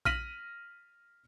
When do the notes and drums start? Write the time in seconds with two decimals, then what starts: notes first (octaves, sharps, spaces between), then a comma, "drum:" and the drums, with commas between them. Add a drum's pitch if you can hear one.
0.05 F6 A#6 B6 D#7 F#7, drum: kick A#1